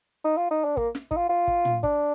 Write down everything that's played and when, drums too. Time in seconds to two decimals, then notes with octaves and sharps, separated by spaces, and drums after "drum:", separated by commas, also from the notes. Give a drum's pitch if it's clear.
0.24 D#4
0.37 F4
0.51 D#4
0.64 D4
0.77 A#3, drum: kick
0.95 drum: snare
1.11 D#4, drum: kick
1.17 F4
1.29 F4
1.47 drum: kick
1.65 drum: tom
1.83 D4, drum: kick